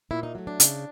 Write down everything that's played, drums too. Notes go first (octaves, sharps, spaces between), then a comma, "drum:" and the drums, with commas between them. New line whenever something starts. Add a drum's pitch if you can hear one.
A#2 E4
D#4
F#3 A3
D4
C#3, drum: hi-hat